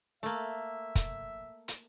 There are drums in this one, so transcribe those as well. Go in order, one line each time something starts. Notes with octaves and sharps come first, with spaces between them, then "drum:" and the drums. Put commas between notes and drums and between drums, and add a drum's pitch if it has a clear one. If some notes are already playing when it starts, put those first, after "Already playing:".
A3 A#3 E5
drum: kick, hi-hat
drum: hi-hat